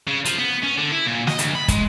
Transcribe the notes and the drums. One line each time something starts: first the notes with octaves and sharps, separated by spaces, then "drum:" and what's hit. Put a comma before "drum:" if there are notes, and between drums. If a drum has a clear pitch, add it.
C#3
F3, drum: hi-hat
B3
C#4
D3
E4
A#2
D#5, drum: snare
D2, drum: hi-hat
B5
G#3, drum: kick, hi-hat